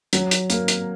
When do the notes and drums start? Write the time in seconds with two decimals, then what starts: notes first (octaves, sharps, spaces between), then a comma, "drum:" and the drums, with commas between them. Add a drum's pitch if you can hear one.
0.13 F#3, drum: hi-hat
0.31 drum: hi-hat
0.50 A#3, drum: hi-hat
0.68 drum: hi-hat